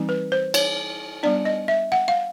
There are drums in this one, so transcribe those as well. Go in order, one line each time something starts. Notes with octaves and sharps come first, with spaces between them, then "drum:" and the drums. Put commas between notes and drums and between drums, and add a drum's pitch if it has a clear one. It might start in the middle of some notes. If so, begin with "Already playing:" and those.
Already playing: E3 G3 C4 D#4
B4
C5
C#5, drum: cymbal
G3 B3 D4 D5
D#5
E5
F#5
F5